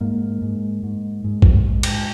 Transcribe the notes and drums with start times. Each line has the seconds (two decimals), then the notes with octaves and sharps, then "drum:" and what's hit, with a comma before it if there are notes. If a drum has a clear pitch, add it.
0.01 G#2 A#3
0.42 G#2
0.83 G#2
1.24 G#2
1.42 drum: kick
1.65 G#2
1.83 drum: cymbal